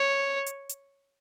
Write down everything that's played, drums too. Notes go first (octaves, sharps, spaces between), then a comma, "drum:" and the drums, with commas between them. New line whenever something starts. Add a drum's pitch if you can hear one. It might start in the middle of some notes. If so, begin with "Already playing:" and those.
Already playing: C#5
drum: hi-hat
drum: hi-hat